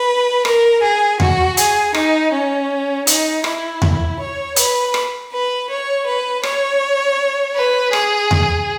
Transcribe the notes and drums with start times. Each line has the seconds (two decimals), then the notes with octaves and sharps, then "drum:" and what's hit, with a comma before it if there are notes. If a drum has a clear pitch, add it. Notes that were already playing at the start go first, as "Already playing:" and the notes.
Already playing: B4
0.45 A#4, drum: rim click
0.82 G#4
1.20 F#4, drum: tom E2
1.57 G#4, drum: hi-hat
1.94 D#4, drum: rim click
2.31 C#4
3.07 D#4, drum: hi-hat
3.44 E4, drum: rim click
3.82 drum: tom E2
4.19 C#5
4.56 B4, drum: hi-hat
4.94 drum: rim click
5.32 B4
5.69 C#5
6.06 B4
6.43 C#5, drum: rim click
7.56 B4
7.93 G#4, drum: rim click
8.31 drum: tom E2